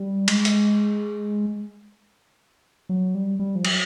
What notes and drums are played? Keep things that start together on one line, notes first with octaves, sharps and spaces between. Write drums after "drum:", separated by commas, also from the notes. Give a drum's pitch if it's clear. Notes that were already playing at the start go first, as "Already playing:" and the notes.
Already playing: G3
G#3, drum: cymbal
drum: hi-hat
F#3
G3
G3
F3
F#3, drum: cymbal